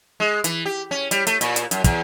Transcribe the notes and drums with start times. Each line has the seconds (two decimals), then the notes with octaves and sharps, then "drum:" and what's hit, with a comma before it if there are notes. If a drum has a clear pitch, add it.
0.20 G#3
0.44 E3, drum: hi-hat
0.66 G4
0.91 C#4
1.11 G3, drum: hi-hat
1.27 A3, drum: hi-hat
1.41 A#2, drum: hi-hat
1.56 drum: hi-hat
1.71 F#2, drum: hi-hat
1.84 E2, drum: kick, hi-hat